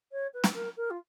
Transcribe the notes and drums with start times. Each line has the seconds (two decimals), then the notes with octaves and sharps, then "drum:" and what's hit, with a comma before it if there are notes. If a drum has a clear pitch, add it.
0.12 C#5
0.34 B4
0.44 drum: snare
0.54 A#4
0.77 A#4
0.90 F4